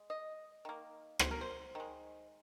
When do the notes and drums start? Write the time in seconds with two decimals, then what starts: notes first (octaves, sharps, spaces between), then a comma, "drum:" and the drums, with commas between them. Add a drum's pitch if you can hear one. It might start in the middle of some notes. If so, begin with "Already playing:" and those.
Already playing: G#3
0.10 D#5
0.65 D#3 A#3
1.19 C5, drum: rim click
1.31 A#4
1.41 C5
1.75 D#3 G#3